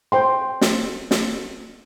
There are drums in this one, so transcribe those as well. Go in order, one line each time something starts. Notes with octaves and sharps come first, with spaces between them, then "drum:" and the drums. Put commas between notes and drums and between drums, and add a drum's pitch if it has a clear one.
C5 G5 C6
drum: snare
drum: snare